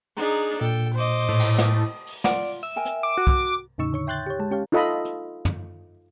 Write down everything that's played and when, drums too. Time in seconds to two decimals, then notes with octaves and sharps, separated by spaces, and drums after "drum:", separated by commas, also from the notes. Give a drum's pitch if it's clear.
0.17 D4 D#4 G#4 A#5
0.61 A#2 A4 G5
0.94 C5 D#5 D6
1.28 A2
1.39 drum: cymbal
1.58 D#6, drum: snare
2.07 drum: open hi-hat
2.24 F4 D5 F#5, drum: snare
2.63 E5
2.76 A#4 G5 G#5
2.86 drum: hi-hat
3.03 D6
3.18 F#4
3.27 drum: kick
3.78 E2 A2 C#3 D#4 C#6 E6
3.93 D3 C#5 C#6
4.07 E5 G5 C6 F#6 G6 A6
4.26 G4 C#5
4.39 G#3 A5
4.51 C#4 G4 C#5 F5
4.72 D#4 F4 A4 D#5 A5 B5
5.05 drum: hi-hat
5.45 drum: tom